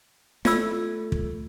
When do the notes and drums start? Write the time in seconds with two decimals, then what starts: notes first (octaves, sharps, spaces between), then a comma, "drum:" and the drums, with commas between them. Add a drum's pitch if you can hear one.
0.45 A3 F4 D5 E6, drum: snare
1.12 drum: kick